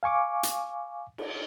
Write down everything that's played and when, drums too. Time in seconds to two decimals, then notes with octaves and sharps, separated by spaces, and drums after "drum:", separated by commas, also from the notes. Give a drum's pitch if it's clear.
0.03 F5 G#5 C#6 D6
0.43 drum: hi-hat
1.18 drum: cymbal